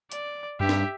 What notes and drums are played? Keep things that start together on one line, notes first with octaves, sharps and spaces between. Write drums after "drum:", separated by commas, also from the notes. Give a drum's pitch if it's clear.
D5, drum: hi-hat
G2 G4 E5
drum: snare